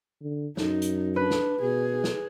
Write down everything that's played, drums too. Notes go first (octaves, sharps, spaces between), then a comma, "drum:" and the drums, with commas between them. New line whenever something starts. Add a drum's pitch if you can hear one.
D3
F#2 D#4, drum: snare
drum: hi-hat
D4 B4
drum: snare
B2 G#4
drum: snare